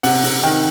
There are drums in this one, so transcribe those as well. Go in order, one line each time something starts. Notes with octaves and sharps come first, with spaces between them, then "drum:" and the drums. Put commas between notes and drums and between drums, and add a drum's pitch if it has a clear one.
C3 F#5, drum: open hi-hat
C3, drum: open hi-hat
D#3 G5